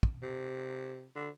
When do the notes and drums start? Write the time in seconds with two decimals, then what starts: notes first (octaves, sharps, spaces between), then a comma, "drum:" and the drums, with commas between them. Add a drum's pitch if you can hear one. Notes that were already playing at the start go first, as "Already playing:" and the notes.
0.03 drum: kick
0.22 C3
1.15 D3